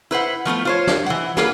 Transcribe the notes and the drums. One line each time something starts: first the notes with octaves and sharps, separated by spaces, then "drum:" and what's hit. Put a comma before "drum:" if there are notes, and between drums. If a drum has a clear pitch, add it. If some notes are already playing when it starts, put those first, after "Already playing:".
E4 B4 C5 F#5
F3 A3 B3 F4
F4 C5 C#5
drum: snare
E3 F#5
A#3 F4 G#4 B4, drum: snare